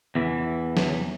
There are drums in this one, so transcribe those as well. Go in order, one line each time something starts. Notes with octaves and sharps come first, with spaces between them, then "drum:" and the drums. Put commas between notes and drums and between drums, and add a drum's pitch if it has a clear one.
E2 E3
drum: snare